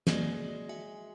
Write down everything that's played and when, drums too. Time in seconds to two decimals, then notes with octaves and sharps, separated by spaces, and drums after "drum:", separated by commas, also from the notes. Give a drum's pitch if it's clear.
0.07 G#3 A#3 F#4 D5, drum: snare
0.69 F#4 E5 G#5